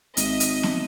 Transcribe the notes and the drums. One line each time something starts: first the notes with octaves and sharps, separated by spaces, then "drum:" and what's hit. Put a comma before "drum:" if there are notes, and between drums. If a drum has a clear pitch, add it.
G#1 D#5 E5 D#6, drum: hi-hat
drum: hi-hat
drum: snare B3